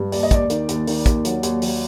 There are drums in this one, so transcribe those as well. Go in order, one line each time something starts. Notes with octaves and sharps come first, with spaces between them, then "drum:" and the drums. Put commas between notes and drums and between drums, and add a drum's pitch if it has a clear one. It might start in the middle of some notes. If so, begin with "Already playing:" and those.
Already playing: G2
D#2 D5, drum: open hi-hat
D#5
D#2 D5, drum: kick, hi-hat
D#3, drum: hi-hat
D#2, drum: hi-hat
D#3, drum: open hi-hat
D#2, drum: kick, hi-hat
F#3, drum: hi-hat
D#2, drum: hi-hat
F#3, drum: open hi-hat